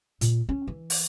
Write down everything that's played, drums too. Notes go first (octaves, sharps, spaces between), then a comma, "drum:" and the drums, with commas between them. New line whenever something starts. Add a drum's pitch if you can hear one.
A#2, drum: hi-hat
C#4
E3
drum: open hi-hat